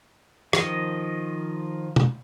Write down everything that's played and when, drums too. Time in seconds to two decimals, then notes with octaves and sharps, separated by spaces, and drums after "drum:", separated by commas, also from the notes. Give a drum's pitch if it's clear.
0.53 D#3 F3 D#5, drum: rim click
1.96 drum: tom